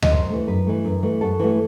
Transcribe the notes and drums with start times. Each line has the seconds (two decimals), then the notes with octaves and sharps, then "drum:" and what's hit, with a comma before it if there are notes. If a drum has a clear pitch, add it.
0.02 D#5, drum: tom D2
0.11 F#2 C5
0.30 E3 A3
0.48 F#2 B4
0.67 E3 A3
0.85 F#2
1.02 E3 A3
1.21 F#2 A4
1.40 E3 A3